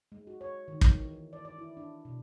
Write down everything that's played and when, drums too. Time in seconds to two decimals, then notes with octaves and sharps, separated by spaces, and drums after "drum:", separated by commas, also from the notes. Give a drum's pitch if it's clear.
0.12 G#3
0.27 F#4
0.41 C#5
0.68 D#3
0.81 drum: kick
1.01 E3
1.13 E3
1.33 D5
1.45 D5
1.58 E4
1.77 D4
2.05 B2